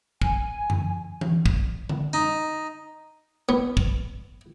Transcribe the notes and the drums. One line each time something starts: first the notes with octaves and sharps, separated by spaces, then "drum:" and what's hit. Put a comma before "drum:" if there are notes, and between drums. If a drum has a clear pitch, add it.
G#5, drum: kick
drum: tom F#2
drum: tom E3
drum: kick
drum: tom D3
D#4
B3
drum: kick